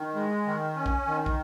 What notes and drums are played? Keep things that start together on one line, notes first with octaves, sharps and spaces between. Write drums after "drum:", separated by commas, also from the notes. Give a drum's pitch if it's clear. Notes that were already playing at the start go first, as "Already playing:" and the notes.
Already playing: D#3
G#3
D#3
C#4
drum: kick
D#3
drum: kick